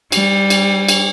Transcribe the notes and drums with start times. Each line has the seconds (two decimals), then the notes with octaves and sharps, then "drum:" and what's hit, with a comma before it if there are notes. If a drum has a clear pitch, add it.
0.12 G3, drum: cymbal
0.50 drum: cymbal
0.89 drum: cymbal